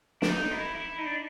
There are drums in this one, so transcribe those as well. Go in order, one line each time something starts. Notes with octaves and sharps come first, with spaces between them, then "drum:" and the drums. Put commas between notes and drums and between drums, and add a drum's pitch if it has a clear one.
D4, drum: snare
D#4
E4
E4
D#4
D4